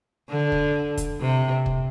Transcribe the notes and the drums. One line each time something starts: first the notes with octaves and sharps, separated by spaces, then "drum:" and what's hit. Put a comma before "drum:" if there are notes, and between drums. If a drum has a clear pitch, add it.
D3
drum: kick
drum: kick, hi-hat
C3
drum: kick